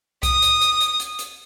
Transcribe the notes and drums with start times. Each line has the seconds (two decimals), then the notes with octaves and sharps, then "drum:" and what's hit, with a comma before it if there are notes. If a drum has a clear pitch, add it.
0.23 D#6, drum: kick C2, hi-hat
0.42 drum: hi-hat
0.61 drum: hi-hat
0.80 drum: hi-hat
1.00 drum: hi-hat
1.19 drum: hi-hat